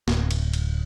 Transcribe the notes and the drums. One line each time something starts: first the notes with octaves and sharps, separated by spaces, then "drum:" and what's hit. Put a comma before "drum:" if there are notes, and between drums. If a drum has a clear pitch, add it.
D1, drum: snare
drum: cymbal
drum: cymbal